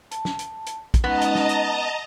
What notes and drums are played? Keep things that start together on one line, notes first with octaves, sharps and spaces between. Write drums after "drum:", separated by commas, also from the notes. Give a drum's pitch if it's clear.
A5, drum: hi-hat
drum: snare
drum: hi-hat
drum: hi-hat
drum: kick, hi-hat
G#3 B3 C#4 D#4 D#5 A5 A#5
drum: hi-hat
drum: snare
drum: hi-hat